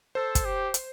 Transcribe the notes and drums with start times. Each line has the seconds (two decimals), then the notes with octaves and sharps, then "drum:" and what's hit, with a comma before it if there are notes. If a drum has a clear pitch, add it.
0.15 A4 C5
0.35 drum: kick, hi-hat
0.45 G4
0.74 drum: hi-hat